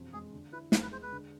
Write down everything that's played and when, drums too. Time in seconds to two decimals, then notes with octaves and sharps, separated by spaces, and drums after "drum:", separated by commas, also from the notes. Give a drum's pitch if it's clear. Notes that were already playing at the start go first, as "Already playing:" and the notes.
Already playing: E1 F2
0.13 G#3 G#4
0.32 D3
0.52 E4 B4
0.72 E2 B4, drum: snare
0.82 B4
0.92 G#3 C5
1.02 B4
1.12 D3